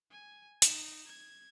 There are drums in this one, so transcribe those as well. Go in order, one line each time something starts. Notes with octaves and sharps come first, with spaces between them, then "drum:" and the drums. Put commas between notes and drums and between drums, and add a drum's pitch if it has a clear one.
G#5
D#4 E7, drum: hi-hat
G#6